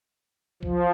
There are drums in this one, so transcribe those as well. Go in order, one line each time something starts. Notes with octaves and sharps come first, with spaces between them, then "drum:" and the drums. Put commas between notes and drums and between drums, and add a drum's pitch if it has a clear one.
F3, drum: kick B1